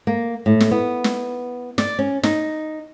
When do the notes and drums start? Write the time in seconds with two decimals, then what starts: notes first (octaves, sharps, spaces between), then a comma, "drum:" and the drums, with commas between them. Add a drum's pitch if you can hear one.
0.07 A#3
0.46 A2
0.60 drum: snare
0.71 B3
1.04 drum: snare
1.78 D5, drum: snare
1.99 C#4
2.23 D#4, drum: snare